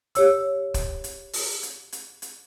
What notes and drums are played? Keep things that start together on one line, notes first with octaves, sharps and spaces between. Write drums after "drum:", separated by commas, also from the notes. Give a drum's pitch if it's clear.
G4 C#5 E6, drum: hi-hat
drum: kick, hi-hat
drum: hi-hat
drum: open hi-hat
drum: hi-hat
drum: hi-hat
drum: hi-hat